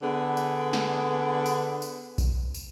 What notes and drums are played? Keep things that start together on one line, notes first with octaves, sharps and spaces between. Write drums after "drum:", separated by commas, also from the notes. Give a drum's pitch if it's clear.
D3 B3 G#4
drum: tambourine
drum: snare
drum: tambourine
drum: tambourine
drum: kick B1, tambourine
drum: tambourine